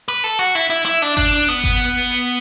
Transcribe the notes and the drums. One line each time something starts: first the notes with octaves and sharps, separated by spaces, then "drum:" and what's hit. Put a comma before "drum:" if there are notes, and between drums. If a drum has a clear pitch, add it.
B4
A4
F#4
E4, drum: hi-hat
E4, drum: hi-hat
E4, drum: hi-hat
D4, drum: hi-hat
D4, drum: kick G1, hi-hat
drum: hi-hat
B3, drum: open hi-hat
drum: kick G1, hi-hat
drum: hi-hat
drum: hi-hat